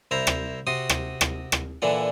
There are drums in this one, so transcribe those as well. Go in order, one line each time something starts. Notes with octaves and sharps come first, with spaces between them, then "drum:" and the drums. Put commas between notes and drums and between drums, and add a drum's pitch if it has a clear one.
C2 E4 C5 A#5
drum: rim click
C3 F#4 C6 D#6
drum: rim click
drum: rim click
drum: rim click
A#2 D3 E3 D4 F#5